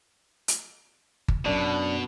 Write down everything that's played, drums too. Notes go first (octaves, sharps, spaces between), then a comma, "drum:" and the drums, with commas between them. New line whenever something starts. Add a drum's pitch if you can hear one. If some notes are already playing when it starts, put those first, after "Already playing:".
drum: hi-hat
drum: kick G1
F#2 B2 D4